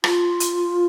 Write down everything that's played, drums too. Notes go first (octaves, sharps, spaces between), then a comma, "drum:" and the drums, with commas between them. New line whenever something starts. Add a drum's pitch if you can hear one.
F4, drum: rim click
drum: hi-hat